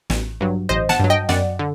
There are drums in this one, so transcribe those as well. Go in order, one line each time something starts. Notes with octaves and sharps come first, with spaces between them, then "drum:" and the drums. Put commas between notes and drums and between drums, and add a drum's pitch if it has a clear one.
A1, drum: snare
G2 F#3
A1 C5 D#5
F#5 A5, drum: snare
G2 F#3
D#5 G5
F#2 D5 F#5, drum: snare
D3